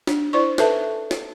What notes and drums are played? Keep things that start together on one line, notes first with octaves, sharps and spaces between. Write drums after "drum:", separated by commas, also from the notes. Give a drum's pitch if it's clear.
D4, drum: snare
E4 C5 D5 C#6
A4 B4 E5 A5, drum: snare
drum: snare